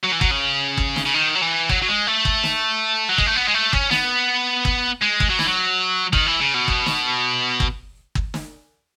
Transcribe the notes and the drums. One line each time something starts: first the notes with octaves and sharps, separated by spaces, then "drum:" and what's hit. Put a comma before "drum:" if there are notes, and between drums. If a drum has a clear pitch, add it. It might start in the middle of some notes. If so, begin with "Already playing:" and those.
F#3
E3
F#3, drum: kick
C#3
drum: kick
drum: snare
C#3
D#3
F#3
E3
F#3, drum: kick
F#3
G#3
A3
drum: kick
drum: snare
F#3
G#3, drum: kick
A3
B3
G#3
A3
C#4, drum: kick
B3, drum: snare
drum: kick
G#3
drum: kick
F#3
E3, drum: snare
F#3
D#3, drum: kick
E3
C#3
B2
drum: kick
drum: snare
drum: kick
drum: kick
drum: snare